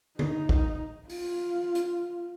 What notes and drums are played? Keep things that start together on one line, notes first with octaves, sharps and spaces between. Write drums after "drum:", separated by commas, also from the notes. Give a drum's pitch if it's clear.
D#4, drum: tom
drum: kick
F4, drum: open hi-hat
drum: hi-hat